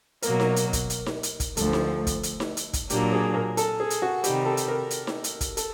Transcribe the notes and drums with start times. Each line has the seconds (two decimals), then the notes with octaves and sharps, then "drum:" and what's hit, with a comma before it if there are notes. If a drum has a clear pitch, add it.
0.22 B2 F#3 A#3 A#4, drum: hi-hat
0.40 drum: snare D#4
0.56 drum: hi-hat
0.73 drum: kick, hi-hat
0.90 drum: hi-hat
1.06 drum: snare D#4
1.23 drum: hi-hat
1.40 drum: kick, hi-hat
1.57 D2 D3 F3 A4, drum: hi-hat
1.73 drum: snare D#4
2.07 drum: kick, hi-hat
2.23 drum: hi-hat
2.40 drum: snare D#4
2.57 drum: hi-hat
2.73 drum: kick, hi-hat
2.90 A#2 F#3 A#3 D4 G4, drum: hi-hat
3.12 G#4
3.34 A#4
3.57 A4, drum: hi-hat
3.80 G#4
3.90 drum: hi-hat
4.02 F#4
4.24 C3 D#3 G3 G4, drum: hi-hat
4.46 A4
4.57 drum: hi-hat
4.68 A#4
4.91 drum: hi-hat
5.07 drum: snare D#4
5.24 drum: hi-hat
5.41 drum: kick, hi-hat
5.57 A4, drum: hi-hat